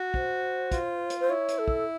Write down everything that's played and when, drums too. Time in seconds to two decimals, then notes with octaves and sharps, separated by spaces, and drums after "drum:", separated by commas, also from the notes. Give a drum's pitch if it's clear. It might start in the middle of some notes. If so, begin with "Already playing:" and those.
Already playing: F#4
0.14 C5, drum: kick
0.71 F4, drum: kick, hi-hat
1.10 drum: hi-hat
1.20 C5
1.29 E4 C#5
1.48 drum: hi-hat
1.59 A4
1.68 drum: kick